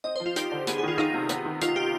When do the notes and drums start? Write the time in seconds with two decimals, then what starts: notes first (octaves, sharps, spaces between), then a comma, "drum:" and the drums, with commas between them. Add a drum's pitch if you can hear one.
0.04 C4 D#5
0.16 C5
0.20 F3
0.26 F4
0.36 D#4 G4, drum: hi-hat
0.51 D3
0.67 B3 G#4, drum: hi-hat
0.78 G#4
0.83 D#3 F4
0.98 D#4 F4, drum: rim click
1.14 C3
1.29 B3, drum: hi-hat
1.45 D#3
1.61 D#4 F4, drum: hi-hat
1.76 G4